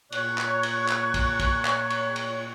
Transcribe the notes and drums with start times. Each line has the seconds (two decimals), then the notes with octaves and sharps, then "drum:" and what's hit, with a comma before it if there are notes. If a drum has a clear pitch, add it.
0.12 A#2 C#5 C#6 F#6, drum: cymbal
0.38 drum: clap
0.63 drum: cymbal
0.89 drum: clap
1.14 drum: kick, cymbal
1.39 drum: kick, cymbal
1.65 drum: clap
1.90 drum: cymbal
2.16 drum: cymbal